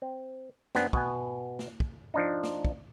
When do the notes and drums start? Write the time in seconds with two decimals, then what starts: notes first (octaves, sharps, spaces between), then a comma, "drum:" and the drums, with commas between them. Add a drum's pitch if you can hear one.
0.02 C4
0.75 F#2 B3 C4 D4 G#5, drum: snare
0.93 B2 B3 G#5, drum: kick
1.59 drum: snare
1.80 drum: kick
2.14 F3 D4 D#4
2.43 drum: snare
2.65 drum: kick